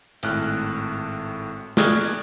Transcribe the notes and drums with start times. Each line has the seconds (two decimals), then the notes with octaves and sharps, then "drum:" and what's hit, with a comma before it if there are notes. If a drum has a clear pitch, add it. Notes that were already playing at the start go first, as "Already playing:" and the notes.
0.23 G#1 A2 F6 F#6, drum: hi-hat
1.77 D5 C#6 D#6 F6 F#6 G#6, drum: snare